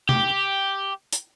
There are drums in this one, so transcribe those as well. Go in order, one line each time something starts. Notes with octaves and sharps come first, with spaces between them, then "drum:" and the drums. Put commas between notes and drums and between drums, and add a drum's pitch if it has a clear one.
G4, drum: tom C3
drum: hi-hat